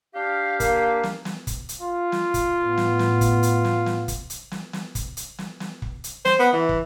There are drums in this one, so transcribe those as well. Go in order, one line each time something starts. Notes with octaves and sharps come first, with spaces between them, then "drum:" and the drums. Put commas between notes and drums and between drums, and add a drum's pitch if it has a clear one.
D4 G4 F5
A#3, drum: kick, hi-hat
drum: snare
drum: snare
drum: kick, hi-hat
drum: hi-hat
F4
drum: snare
drum: kick, hi-hat
A2 B3
drum: snare
drum: snare
drum: kick, hi-hat
drum: hi-hat
drum: snare
drum: snare
drum: kick, hi-hat
drum: hi-hat
drum: snare
drum: snare
drum: kick, hi-hat
drum: hi-hat
drum: snare
drum: snare
drum: kick
drum: hi-hat
C5, drum: snare
B3
E3
drum: kick